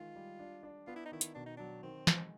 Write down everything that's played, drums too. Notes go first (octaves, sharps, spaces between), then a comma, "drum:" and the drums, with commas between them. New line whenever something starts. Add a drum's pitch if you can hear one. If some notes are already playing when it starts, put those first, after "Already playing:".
Already playing: D#3 G#3 F4
G3
D4
D4
B3 F4
E4
D#4
D#3 E4
drum: hi-hat
B2 D4
D#4
F#3 D4
D#3 C4
G#3, drum: snare